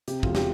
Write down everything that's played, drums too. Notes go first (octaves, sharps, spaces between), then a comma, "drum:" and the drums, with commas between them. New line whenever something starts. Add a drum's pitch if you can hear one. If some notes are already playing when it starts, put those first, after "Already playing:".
C3 G4, drum: hi-hat
E1 F4, drum: kick
G4, drum: snare